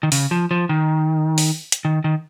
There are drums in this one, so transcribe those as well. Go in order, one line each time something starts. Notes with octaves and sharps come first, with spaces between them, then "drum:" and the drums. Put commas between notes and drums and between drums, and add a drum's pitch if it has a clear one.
D#3
C#3, drum: open hi-hat
F3
F3
D#3
drum: open hi-hat
drum: hi-hat
D#3
D#3